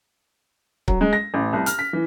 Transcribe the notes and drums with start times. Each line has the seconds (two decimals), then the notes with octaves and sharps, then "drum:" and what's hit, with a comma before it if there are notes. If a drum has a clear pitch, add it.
0.88 F#3, drum: kick C#1
1.01 G#3
1.13 A#6
1.34 A1
1.53 C2
1.66 F6, drum: hi-hat
1.79 B6
1.93 E3